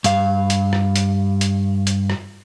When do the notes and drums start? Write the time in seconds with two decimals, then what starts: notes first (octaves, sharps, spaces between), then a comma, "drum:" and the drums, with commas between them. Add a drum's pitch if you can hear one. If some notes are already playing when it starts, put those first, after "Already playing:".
0.04 G2 F5, drum: hi-hat
0.50 drum: hi-hat
0.73 drum: rim click
0.96 drum: hi-hat
1.41 drum: hi-hat
1.87 drum: hi-hat
2.10 drum: rim click